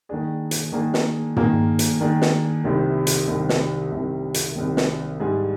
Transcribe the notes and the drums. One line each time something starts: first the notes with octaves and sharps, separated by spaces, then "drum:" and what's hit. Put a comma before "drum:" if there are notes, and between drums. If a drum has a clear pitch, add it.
D#3 A#3 D4 G#4
drum: hi-hat
D#3 A#3 D4 G#4
drum: snare
D#3 A#3 D4 G#4, drum: tom
drum: hi-hat
D#3 A#3 D4 G#4
drum: snare
C2 C3 D#3
drum: hi-hat
C2 C3 D#3
drum: snare
C2 C3 D#3
drum: hi-hat
C2 C3 D#3
drum: snare
G#2 G3 D4 G#4